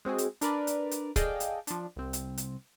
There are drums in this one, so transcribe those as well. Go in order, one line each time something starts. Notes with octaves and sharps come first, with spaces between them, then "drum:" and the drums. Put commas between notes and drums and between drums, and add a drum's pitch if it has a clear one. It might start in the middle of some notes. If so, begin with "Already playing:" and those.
G#3 C4 F#4 G#4
drum: hi-hat
D4 A#4 B4 D5, drum: hi-hat
drum: hi-hat
drum: hi-hat
G#4 A4 D5 D#5 F5 G5, drum: kick, hi-hat
drum: hi-hat
F3 D4, drum: hi-hat
C2 C4
drum: hi-hat
drum: hi-hat